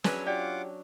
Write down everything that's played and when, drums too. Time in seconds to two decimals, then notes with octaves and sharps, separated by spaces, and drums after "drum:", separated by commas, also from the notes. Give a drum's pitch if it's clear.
0.04 F#3 C#4 D4 G#4 B4 E6, drum: snare
0.27 F4 G4 D5 F#5 D6